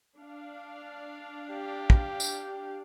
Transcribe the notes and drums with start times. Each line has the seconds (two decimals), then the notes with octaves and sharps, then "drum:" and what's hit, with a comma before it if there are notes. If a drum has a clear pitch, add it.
0.19 D4 F5
1.53 G4
1.90 drum: kick
2.20 drum: tambourine